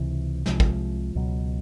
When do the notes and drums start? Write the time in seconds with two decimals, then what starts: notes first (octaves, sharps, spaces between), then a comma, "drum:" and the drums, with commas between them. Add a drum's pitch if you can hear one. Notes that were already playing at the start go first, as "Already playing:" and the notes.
Already playing: C#2 C3 E3
0.46 C2 C3 F3 G#3, drum: snare
0.60 drum: kick
1.15 C#2 B2 F#3